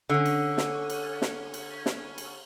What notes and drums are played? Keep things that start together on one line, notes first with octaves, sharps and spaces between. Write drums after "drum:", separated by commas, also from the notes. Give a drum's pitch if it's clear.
D3 C#4
drum: cymbal
drum: snare
drum: cymbal
drum: snare
drum: cymbal
drum: snare
drum: cymbal